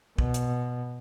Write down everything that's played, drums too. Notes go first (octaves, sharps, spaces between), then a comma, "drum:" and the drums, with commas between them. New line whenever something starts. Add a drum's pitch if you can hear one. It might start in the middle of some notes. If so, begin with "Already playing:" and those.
B2, drum: kick
drum: hi-hat